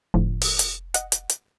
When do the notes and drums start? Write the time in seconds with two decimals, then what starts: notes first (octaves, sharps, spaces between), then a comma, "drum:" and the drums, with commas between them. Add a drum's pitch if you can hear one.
0.14 F1 A2 D3 F3
0.41 drum: open hi-hat
0.59 drum: hi-hat
0.94 D#5 F#5, drum: hi-hat
1.12 drum: hi-hat
1.29 drum: hi-hat